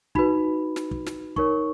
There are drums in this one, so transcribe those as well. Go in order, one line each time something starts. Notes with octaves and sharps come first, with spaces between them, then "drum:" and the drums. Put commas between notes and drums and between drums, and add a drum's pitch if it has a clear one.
D#4 F#4 B4 B5, drum: kick
drum: snare
drum: kick
drum: snare
D#4 A#4 C#5 C#6, drum: kick